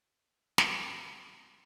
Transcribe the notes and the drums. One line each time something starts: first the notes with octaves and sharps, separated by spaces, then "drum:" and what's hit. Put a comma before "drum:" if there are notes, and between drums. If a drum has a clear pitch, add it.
A#4, drum: snare